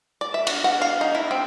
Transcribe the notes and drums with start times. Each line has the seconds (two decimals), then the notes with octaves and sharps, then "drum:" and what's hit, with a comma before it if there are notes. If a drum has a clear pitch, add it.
0.21 D5
0.34 E5
0.47 F#4, drum: cymbal
0.64 F#5
0.82 F5
1.01 D#4
1.15 E4
1.31 C4